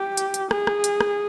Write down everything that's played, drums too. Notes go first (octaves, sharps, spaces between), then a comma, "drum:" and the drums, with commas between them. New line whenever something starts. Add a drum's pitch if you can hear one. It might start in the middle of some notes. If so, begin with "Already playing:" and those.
Already playing: G4
drum: hi-hat
drum: hi-hat
G#4, drum: rim click
drum: rim click
drum: hi-hat
drum: rim click